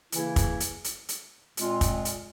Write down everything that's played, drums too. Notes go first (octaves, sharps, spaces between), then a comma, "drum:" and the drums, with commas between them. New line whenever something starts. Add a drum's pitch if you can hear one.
C#3 E3 A#3 E4, drum: hi-hat
drum: kick, hi-hat
drum: hi-hat
drum: hi-hat
drum: hi-hat
A#2 G#3 C4 F4, drum: hi-hat
drum: kick, hi-hat
drum: hi-hat